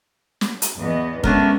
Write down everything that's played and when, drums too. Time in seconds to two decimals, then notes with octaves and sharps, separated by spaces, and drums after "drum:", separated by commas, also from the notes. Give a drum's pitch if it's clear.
0.41 drum: snare
0.62 drum: hi-hat
0.78 E2 B3 D#5
1.24 G#3 A3 B3 C#4 D4 A#4, drum: kick